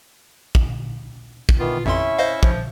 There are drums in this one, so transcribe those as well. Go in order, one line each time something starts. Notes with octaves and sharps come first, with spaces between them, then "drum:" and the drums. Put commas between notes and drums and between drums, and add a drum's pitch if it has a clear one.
drum: kick
drum: kick
D#3 E3 B3 F4
A1 F2 C#4 E4 E5 C6 C#6
C5 D#5 F5
F3, drum: kick